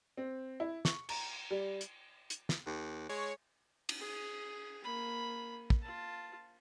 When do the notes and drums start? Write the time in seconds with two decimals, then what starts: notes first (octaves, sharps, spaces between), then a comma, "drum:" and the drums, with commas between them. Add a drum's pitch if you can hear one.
0.17 C4
0.60 E4
0.85 C#6, drum: snare
1.09 A#5, drum: cymbal
1.51 G3
1.81 drum: hi-hat
2.30 drum: hi-hat
2.49 drum: snare
2.67 D#2
3.09 G#3 C#5
3.89 drum: cymbal
3.98 G#4
4.84 A#3 B5
5.70 drum: kick
5.82 F4 A5